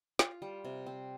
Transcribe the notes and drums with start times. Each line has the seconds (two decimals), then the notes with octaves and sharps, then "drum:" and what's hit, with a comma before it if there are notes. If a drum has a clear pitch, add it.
0.19 F4, drum: snare
0.42 G3
0.64 C3
0.86 C4